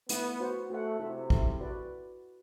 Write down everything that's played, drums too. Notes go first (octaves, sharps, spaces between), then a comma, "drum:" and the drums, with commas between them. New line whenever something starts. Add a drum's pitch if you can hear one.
A3 B3 E4 B4 F#5, drum: hi-hat
F#4 C5 F#5
A3 F#4 C5 F#5
C3 E4 A4 E5
E4 A4 E5, drum: kick
F#4 B4 D5